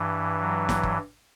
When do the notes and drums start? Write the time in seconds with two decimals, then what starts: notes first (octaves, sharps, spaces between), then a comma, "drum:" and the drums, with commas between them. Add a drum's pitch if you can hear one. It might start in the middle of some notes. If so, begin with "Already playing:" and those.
Already playing: G2 E3
0.40 F#3
0.69 drum: snare
0.83 drum: kick